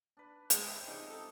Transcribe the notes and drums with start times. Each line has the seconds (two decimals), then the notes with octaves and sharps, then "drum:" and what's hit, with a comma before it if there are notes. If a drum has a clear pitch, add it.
0.17 D4 B4
0.50 G#3, drum: hi-hat
0.67 G3 C4 E4
0.87 C#3 F3 D4 D#4
1.09 D#4 A4